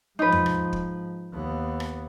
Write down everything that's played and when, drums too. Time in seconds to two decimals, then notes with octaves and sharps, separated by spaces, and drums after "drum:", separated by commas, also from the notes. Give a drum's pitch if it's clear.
0.19 G#2 F3 D#4 B4
0.32 drum: tom E2
0.46 drum: rim click
0.73 drum: kick
1.34 D#2 B3
1.80 drum: rim click